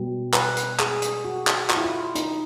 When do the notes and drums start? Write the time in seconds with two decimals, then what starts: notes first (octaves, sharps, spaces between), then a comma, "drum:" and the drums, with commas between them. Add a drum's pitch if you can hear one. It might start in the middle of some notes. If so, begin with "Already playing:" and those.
Already playing: B2 G3
0.34 B4, drum: clap
0.57 drum: hi-hat
0.80 G#4, drum: clap
1.02 drum: hi-hat
1.25 F#4
1.47 drum: clap
1.70 F4, drum: clap
1.77 E4
1.84 F4
2.15 D#4, drum: hi-hat